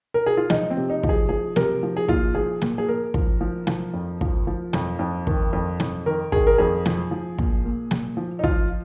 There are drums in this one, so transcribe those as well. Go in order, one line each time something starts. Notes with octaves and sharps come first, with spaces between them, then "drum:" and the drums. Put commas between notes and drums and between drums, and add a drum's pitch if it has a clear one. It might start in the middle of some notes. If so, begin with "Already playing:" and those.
A#4
G#4
F4
F3 D#4, drum: snare
C4
C3
D#4
F3, drum: kick
G#4
F3 G#4
C3 A#4, drum: snare
F3
G#4
A#2 F4, drum: kick
F3 G#4
A#2, drum: snare
G#4
A#2 A#4
F3, drum: kick
F3
F3, drum: snare
F2
F3, drum: kick
F3
F2, drum: snare
F2
D#3, drum: kick
F2
F2, drum: snare
D#3 A#4
D#3 G#4, drum: kick
A#4
F2 G#4
F3, drum: snare
F3
A#2, drum: kick
A#2
A#2, drum: snare
F3
D#4
F3 F4, drum: kick